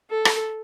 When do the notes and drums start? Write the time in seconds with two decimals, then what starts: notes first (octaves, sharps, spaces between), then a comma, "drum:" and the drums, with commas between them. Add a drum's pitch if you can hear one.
0.10 A4
0.25 drum: rim click